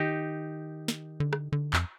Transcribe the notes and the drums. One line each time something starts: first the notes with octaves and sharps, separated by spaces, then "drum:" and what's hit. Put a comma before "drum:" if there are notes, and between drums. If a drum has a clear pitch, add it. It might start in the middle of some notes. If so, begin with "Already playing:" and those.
Already playing: D#3 D#4 G4
drum: snare
D3
drum: rim click
D3
F2, drum: clap